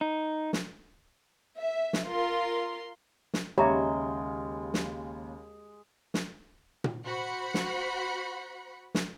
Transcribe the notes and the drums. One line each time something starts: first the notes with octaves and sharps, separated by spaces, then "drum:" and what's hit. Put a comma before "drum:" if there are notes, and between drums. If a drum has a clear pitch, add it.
D#4
drum: snare
E5
drum: snare
F4 A#4 C6
drum: snare
D#2 C#3 G#3 G4 C#5 E5 A#5 B5
drum: snare
drum: snare
drum: tom A#2
F#4 C5 B5 F#6 C#7
drum: snare
drum: snare